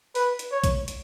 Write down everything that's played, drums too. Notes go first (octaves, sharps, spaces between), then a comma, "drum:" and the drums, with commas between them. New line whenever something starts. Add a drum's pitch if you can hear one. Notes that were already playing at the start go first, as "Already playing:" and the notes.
B4, drum: open hi-hat
drum: hi-hat
C#5
drum: kick B1, hi-hat
drum: hi-hat